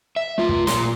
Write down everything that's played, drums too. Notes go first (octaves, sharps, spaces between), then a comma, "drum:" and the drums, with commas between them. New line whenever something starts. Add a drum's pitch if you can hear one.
E5
A3 F4
drum: kick
A#2 C6, drum: snare